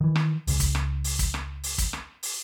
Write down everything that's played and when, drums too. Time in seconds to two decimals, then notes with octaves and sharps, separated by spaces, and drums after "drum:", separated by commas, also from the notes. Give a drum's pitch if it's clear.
0.01 D#3 E3
0.16 drum: rim click
0.47 C#2 C#3, drum: open hi-hat
0.60 drum: kick, hi-hat
0.75 drum: rim click
1.04 drum: open hi-hat
1.19 drum: kick, hi-hat
1.34 drum: rim click
1.63 drum: open hi-hat
1.78 drum: kick, hi-hat
1.93 drum: rim click
2.23 drum: open hi-hat